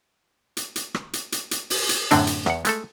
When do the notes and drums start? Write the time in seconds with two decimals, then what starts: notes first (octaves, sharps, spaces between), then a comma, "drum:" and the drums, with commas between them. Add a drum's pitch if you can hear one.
0.57 drum: hi-hat
0.76 drum: hi-hat
0.94 drum: rim click
1.13 drum: hi-hat
1.32 drum: hi-hat
1.51 drum: hi-hat
1.70 drum: open hi-hat
1.89 drum: hi-hat
2.11 F#2 A2 D3 C4 D4, drum: hi-hat
2.27 drum: hi-hat
2.46 E2 F#5, drum: rim click
2.65 G#3 A3 A4, drum: hi-hat